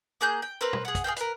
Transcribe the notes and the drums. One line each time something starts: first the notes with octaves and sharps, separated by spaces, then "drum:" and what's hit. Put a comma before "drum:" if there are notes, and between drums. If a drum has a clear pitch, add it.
A#3 G#4 F#6 G6
G5
C4 A#4 B4
drum: tom
G#4 F#5
drum: kick, hi-hat
G#4 B4 F5 G5
A#4 B4, drum: hi-hat